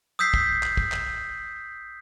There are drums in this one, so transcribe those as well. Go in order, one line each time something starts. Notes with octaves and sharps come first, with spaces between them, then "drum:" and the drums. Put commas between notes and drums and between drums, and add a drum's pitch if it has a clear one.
D#6 E6 G6 B6 C7
drum: kick
drum: clap
drum: kick
drum: clap